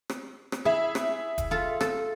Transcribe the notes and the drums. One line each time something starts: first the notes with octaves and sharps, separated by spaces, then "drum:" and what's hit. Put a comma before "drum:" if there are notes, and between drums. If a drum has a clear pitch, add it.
drum: rim click
drum: rim click
E4 G#4 E5
drum: rim click
drum: kick D#1, hi-hat
F4 A4
A4, drum: rim click